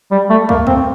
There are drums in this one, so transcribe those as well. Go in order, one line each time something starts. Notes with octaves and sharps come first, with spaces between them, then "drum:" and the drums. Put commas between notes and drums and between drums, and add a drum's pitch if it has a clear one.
G3
A3
A#3, drum: kick
C4, drum: kick